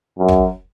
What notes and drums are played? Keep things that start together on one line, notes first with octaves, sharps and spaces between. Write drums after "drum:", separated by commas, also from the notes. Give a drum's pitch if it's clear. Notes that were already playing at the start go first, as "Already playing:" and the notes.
F#2
drum: kick